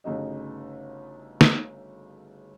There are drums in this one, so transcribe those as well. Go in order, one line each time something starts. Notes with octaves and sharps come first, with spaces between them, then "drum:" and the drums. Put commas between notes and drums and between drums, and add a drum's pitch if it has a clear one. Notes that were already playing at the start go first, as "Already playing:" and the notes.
G1 C#3 A3 D#4 F#4 D#5
drum: snare